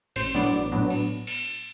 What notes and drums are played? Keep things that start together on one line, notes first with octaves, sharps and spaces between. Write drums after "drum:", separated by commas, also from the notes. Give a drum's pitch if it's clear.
A1 C5, drum: cymbal
A2 F#3 B3 D4 D5
A1
A2 F#3 B3 D4
drum: cymbal
drum: cymbal